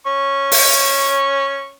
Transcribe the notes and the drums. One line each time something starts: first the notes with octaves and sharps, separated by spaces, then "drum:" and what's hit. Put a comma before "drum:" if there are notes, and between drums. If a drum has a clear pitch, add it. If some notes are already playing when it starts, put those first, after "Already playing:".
C#4 C#6
drum: open hi-hat